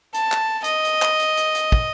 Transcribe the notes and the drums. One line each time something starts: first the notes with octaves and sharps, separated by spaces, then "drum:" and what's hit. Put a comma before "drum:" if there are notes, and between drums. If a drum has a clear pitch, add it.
A5, drum: hi-hat
drum: clap
D#5, drum: hi-hat
drum: hi-hat
drum: clap
drum: hi-hat
drum: hi-hat
drum: hi-hat
drum: kick